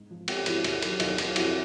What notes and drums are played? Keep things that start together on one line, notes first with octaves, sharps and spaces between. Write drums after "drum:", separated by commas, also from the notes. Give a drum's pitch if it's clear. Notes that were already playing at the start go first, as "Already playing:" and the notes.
Already playing: G#2
F3
G#2 F4 G4, drum: cymbal
F3 E4 F#4, drum: cymbal
D#2, drum: cymbal
D#3 F#3, drum: cymbal
D#2 D#4 F4, drum: cymbal
D#3 F#3, drum: cymbal
F4
F2 E4 F#4, drum: cymbal